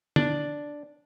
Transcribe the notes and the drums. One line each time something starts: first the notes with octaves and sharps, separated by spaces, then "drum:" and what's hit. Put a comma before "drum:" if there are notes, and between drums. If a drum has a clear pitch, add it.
D4, drum: tom